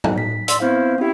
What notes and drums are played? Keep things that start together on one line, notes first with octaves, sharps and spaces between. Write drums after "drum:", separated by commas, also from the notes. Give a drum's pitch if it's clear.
drum: tom
B6
D5 C6 E6, drum: hi-hat
B3 C4 E4 C5 F5
C#4 E4 G4